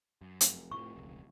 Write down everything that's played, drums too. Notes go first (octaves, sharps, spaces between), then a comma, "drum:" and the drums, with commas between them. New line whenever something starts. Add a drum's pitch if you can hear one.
F#2
F1, drum: hi-hat
A2 E3 F3 C#6
E1 C#2